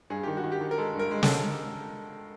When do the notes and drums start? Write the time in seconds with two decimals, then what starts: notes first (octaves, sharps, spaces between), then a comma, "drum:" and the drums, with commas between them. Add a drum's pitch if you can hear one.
0.10 G2 G#4
0.23 D#3 G4
0.37 F#4
0.44 D#3
0.52 G4
0.61 D#3
0.71 A#4
0.78 G#3 A4
0.95 G2 A#4
1.11 G#3
1.23 A4, drum: snare